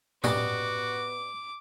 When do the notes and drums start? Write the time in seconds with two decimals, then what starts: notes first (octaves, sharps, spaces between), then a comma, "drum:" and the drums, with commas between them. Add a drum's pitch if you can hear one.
0.24 B3 F#4 G4 D5 D#5 D6, drum: tom A2